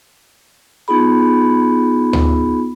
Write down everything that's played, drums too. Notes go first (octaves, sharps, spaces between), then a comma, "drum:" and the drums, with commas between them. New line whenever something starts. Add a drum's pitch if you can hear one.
B3 D#4 F4 G#4 B5
drum: tom D2